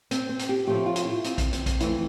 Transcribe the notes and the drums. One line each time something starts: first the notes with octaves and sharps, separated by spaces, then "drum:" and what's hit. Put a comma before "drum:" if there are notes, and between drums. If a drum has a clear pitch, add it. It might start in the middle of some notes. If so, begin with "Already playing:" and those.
C4, drum: hi-hat
C4
drum: hi-hat
G4
A2 F3 A3 G4
F4
drum: hi-hat
E4
C4, drum: hi-hat
drum: kick A#1, hi-hat
C4, drum: hi-hat
drum: kick A#1, hi-hat
F2 E3 A3 E4, drum: hi-hat